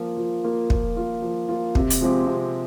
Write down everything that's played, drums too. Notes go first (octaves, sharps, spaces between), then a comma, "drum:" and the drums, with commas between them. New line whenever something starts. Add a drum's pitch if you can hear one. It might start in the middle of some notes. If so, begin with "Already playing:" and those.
Already playing: F3 A#3 F4
F3
A#3 F4
F3, drum: kick
A#3 F4
F3
A#3 F4
C3, drum: kick
drum: hi-hat
F3 G#3 C4 G4
C3